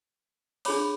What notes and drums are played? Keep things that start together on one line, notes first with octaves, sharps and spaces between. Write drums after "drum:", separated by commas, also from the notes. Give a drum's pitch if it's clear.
D4 G#4 C#5 B5 D6, drum: open hi-hat